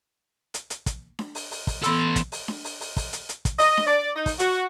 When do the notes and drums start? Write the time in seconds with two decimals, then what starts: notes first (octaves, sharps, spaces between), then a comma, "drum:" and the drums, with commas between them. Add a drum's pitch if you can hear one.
0.54 drum: hi-hat
0.70 drum: hi-hat
0.86 drum: kick, hi-hat
1.19 drum: snare D4
1.35 drum: open hi-hat
1.51 drum: open hi-hat
1.67 drum: kick, open hi-hat
1.83 E3 B3 A4 C6 E6, drum: hi-hat
2.16 drum: kick, hi-hat
2.32 drum: open hi-hat
2.48 drum: snare D4
2.64 drum: open hi-hat
2.80 drum: open hi-hat
2.97 drum: kick, open hi-hat
3.13 drum: hi-hat
3.29 drum: hi-hat
3.45 drum: kick, hi-hat
3.58 D#5, drum: open hi-hat
3.77 drum: snare D4
3.87 D5
4.15 D#4
4.26 drum: kick, open hi-hat
4.39 F#4, drum: hi-hat